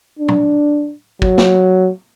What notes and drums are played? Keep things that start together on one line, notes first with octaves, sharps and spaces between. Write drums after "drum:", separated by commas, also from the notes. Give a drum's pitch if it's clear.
D4
drum: tom
F#3, drum: kick
drum: snare